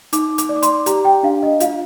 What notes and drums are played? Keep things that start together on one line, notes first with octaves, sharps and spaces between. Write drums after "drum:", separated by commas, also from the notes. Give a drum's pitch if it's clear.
D#4 D6, drum: hi-hat
D6, drum: hi-hat
D5
D6
C6, drum: hi-hat
G4 A#5, drum: hi-hat
G5
D4 F5
D#5
F4 F5, drum: hi-hat